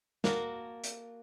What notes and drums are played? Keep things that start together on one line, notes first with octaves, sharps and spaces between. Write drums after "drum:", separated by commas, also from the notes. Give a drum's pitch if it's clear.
A#3 F#4 A#4 A5, drum: snare
drum: hi-hat